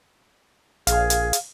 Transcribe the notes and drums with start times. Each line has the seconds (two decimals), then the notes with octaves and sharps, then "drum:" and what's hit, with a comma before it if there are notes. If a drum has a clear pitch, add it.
0.87 A#1 G#4 F5, drum: hi-hat
1.10 drum: hi-hat
1.33 drum: hi-hat